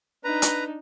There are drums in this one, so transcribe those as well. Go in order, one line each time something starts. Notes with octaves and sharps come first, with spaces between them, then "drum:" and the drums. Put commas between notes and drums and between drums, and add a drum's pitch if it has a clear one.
D4 D#4 B4 A#5
drum: hi-hat